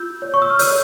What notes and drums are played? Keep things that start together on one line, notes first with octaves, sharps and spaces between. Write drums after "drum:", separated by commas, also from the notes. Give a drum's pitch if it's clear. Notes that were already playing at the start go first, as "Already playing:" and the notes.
Already playing: F4 E6 G6
C#5
C#6
E6
F6
C#5 E6 G6, drum: open hi-hat